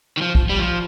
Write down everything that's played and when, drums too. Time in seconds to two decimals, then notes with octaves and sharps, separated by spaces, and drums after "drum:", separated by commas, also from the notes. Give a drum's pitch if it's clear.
0.17 D#3
0.22 F3
0.35 drum: kick
0.50 G3
0.59 F3